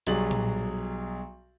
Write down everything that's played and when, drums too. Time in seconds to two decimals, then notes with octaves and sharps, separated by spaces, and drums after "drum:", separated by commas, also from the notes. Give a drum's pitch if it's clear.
0.07 B1 F#3 G3 G#4 A6 F#7, drum: hi-hat
0.31 drum: tom A#2